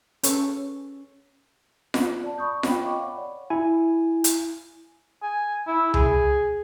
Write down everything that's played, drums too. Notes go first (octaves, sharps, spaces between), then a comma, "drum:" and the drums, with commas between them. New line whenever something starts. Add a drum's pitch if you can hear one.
C#4 A4 B4 A5 C#6 E6, drum: hi-hat
drum: snare F4
D5 A5
D5 B5 C#6 D#6 G6
C#5 G5 B5, drum: snare F4
D#5 F5 G5 B5 C#6 D6
C#5 F#5
D5
E4 G#5
drum: hi-hat
G#5
E4
G#4, drum: tom C#2